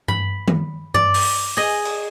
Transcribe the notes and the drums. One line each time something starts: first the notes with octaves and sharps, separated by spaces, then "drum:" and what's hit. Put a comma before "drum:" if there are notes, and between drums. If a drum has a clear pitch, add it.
B5, drum: tom G2
drum: tom D#3
D5, drum: tom G2
drum: open hi-hat
G#4 D#5
drum: cymbal